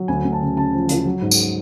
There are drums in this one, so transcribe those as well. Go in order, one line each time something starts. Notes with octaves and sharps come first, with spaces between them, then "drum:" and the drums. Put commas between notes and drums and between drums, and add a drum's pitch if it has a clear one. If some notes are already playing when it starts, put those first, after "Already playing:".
Already playing: F#3
D2 G#5
D2
A5
C#3
C#3 A5
F3
C#3, drum: hi-hat
F#3
G#2
drum: tambourine